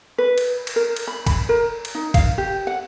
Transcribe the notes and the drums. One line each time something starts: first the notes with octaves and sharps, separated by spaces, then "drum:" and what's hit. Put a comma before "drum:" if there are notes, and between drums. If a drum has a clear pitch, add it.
B4
drum: cymbal
drum: cymbal
A#4
drum: cymbal
B5
B5, drum: kick, cymbal
A#4
drum: cymbal
D#4
F5, drum: kick, cymbal
G4
F#5